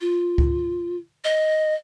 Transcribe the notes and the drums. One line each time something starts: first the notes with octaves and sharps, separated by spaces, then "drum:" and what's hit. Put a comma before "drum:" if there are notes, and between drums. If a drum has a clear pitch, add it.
F4
drum: kick C#2
D#5